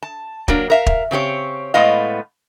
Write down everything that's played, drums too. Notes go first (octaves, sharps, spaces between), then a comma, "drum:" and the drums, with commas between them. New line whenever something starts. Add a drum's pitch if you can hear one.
A5
F#3 A#3 D4 A#4, drum: kick
A#4 E5 F5
drum: kick
C#3 C4 G4 C#5
A2 G#3 A3 B3 D#5 F5